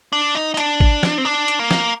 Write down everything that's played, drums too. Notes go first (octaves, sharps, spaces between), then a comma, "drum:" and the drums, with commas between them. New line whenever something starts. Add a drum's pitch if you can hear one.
D4
D#4
D#4
D4, drum: hi-hat
drum: kick
drum: snare
C4
D4
drum: hi-hat
A#3
drum: snare